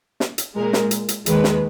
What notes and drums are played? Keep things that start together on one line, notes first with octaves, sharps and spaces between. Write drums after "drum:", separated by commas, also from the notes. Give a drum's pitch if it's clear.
drum: snare
drum: hi-hat
A#2 G#3 A#4
drum: snare
drum: hi-hat
drum: hi-hat
D#2 D#3 G#3 B4, drum: hi-hat
drum: snare